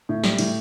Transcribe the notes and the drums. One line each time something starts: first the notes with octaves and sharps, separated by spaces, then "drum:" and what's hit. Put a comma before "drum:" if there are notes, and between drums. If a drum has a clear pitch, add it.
A2
G3, drum: snare
A2, drum: cymbal